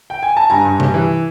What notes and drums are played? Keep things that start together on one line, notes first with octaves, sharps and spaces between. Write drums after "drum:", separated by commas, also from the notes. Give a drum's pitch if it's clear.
G5
G#5
A5
G2 G#5 A#5
G2
G3, drum: tom C3
E3